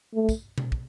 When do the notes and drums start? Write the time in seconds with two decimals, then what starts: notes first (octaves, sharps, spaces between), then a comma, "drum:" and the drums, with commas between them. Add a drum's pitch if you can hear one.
0.14 A3
0.29 drum: kick, tambourine
0.58 drum: tom B2
0.72 drum: kick